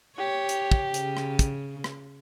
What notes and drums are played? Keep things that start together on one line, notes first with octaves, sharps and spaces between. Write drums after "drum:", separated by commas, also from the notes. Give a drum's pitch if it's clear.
G4 C#5
drum: hi-hat
drum: kick
C#3, drum: hi-hat
drum: rim click
drum: kick, hi-hat
drum: rim click